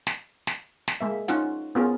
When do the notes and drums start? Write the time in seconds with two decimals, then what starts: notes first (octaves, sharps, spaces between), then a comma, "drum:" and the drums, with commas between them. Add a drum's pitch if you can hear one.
0.07 drum: snare
0.47 drum: snare
0.88 drum: snare
1.01 G#3 A#3 E5
1.28 C#4 D#4 F4 F#5, drum: hi-hat
1.75 B3 C#4 F4 G#4 A#4